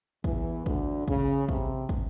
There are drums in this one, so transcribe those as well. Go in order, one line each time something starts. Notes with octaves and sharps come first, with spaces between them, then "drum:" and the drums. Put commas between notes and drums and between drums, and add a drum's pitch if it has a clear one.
E2 E3, drum: kick
D2 D3, drum: kick
C#3, drum: kick
C3, drum: kick
drum: kick